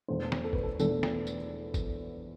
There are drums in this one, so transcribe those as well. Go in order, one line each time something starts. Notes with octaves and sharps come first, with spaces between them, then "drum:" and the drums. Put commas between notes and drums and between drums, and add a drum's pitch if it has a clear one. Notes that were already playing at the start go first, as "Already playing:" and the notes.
E1 E2 B2 A3 D4 C5
drum: snare
A4
B4, drum: kick G1
A4
E1 E2 B2 A3 D4 A4, drum: tambourine
drum: snare
drum: tambourine
drum: kick G1, tambourine